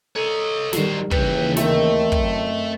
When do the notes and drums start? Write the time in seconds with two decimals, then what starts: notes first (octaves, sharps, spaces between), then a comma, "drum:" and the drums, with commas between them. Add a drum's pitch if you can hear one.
0.16 A4 C#5 D#5 A#5
0.73 D#3 F#3 G3 C5, drum: snare
1.11 D#2 C#3 E3 G4 A4 B4, drum: kick
1.57 D#3 A3 C4 E5, drum: snare
2.12 F#2, drum: kick